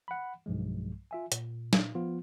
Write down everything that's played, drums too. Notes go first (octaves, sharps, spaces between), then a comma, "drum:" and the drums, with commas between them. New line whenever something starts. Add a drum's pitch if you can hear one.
F#5 B5
B1 G2 F3 G#3
F4 E5 G#5
A#2, drum: hi-hat
drum: snare
F3 B3 F4